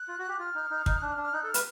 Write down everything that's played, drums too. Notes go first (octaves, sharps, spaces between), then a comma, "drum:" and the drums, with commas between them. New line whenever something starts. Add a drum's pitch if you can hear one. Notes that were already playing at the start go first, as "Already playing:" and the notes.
Already playing: F#6
F4
F#4
G4
F4 F6
D#4
D#4
D#4, drum: kick
D4 F#6
F6
D4
F6
D#4 F#6
A4
F6
B4, drum: hi-hat